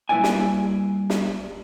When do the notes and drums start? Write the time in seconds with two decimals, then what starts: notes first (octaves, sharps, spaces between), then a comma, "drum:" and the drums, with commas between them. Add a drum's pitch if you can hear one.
0.09 A#2 G3 E4 B4 D5 G#5
0.24 drum: snare
1.10 drum: snare